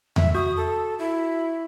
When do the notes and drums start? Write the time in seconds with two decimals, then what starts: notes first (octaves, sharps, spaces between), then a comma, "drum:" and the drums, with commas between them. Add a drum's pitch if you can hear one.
0.16 E5, drum: tom E2
0.35 F#4 D#6
0.57 A4
0.99 E4